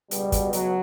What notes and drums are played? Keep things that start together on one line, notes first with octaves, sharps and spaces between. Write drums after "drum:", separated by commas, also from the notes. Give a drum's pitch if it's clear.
C#2 B2 G3, drum: hi-hat
drum: kick, hi-hat
F#3, drum: hi-hat